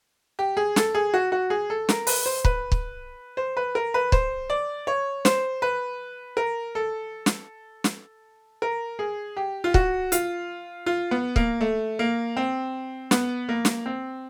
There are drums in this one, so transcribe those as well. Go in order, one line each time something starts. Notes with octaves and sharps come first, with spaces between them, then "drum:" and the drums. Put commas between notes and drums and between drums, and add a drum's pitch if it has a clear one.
G4
G#4
A4, drum: snare
G#4
F#4
F#4
G#4
A4
A#4, drum: snare
B4, drum: open hi-hat
C5
B4, drum: kick
drum: kick
C5
B4
A#4
B4
C5, drum: kick
D5
C#5
C5, drum: snare
B4
A#4
A4
drum: snare
drum: snare
A#4
G#4
G4
F4
F#4, drum: kick
F4, drum: hi-hat
F4
B3
A#3, drum: kick
A3
A#3
C4
B3, drum: snare
A#3
drum: snare
C4